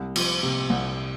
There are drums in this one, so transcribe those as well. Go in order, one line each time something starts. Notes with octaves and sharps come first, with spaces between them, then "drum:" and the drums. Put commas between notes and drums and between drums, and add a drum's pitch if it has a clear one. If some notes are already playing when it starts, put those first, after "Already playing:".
Already playing: C2
F3, drum: cymbal
C3
C2